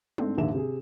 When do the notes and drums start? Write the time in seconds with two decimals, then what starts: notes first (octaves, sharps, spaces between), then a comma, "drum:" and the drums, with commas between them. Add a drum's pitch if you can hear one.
0.18 G#2 A3 C4 D4, drum: tom G3
0.37 A#1 D#2 G#2 D#3 E5 E7
0.54 C3 G#4